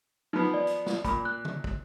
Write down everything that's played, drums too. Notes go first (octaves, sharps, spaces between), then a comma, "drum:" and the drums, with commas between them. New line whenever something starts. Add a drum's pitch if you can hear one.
F3 B3 D#4
D5
drum: hi-hat
drum: snare
A#2 B5, drum: kick, hi-hat
F#6
drum: tom
drum: kick